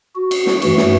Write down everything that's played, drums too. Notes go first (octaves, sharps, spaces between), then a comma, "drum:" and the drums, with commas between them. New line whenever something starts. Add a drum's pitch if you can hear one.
F#4
drum: cymbal
drum: snare
G2 E3 A3 F#4, drum: cymbal
drum: snare